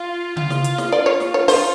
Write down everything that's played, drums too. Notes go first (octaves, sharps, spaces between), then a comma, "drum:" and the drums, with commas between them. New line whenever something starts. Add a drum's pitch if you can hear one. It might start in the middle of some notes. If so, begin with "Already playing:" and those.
Already playing: F4
F4, drum: tom C#3
drum: snare
drum: hi-hat
drum: snare
D5
C#5
drum: snare
C#5
F4 C5, drum: open hi-hat